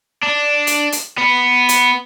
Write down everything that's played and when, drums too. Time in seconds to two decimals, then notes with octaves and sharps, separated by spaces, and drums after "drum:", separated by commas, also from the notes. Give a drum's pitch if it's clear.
0.23 D4
0.67 drum: hi-hat
0.92 drum: hi-hat
1.18 B3
1.69 drum: hi-hat